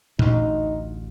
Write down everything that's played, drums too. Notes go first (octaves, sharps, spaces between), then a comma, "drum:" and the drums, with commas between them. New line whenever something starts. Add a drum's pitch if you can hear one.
A1 D2 D#4, drum: tom